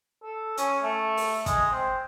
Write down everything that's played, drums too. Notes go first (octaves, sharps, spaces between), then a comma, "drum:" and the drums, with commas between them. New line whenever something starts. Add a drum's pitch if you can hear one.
A4
C#4, drum: hi-hat
A3
drum: open hi-hat
G#3, drum: kick, hi-hat
C4